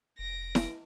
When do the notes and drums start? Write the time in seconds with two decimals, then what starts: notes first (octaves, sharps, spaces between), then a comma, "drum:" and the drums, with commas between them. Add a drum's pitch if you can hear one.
0.19 F1 A#6 D7
0.55 drum: snare E4